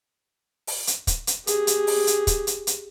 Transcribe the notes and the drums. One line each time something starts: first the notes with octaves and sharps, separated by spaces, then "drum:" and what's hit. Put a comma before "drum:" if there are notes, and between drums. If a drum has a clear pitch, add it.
drum: open hi-hat
drum: hi-hat
drum: kick, hi-hat
drum: hi-hat
G4 G#4, drum: hi-hat
drum: hi-hat
drum: open hi-hat
drum: hi-hat
drum: kick, hi-hat
drum: hi-hat
drum: hi-hat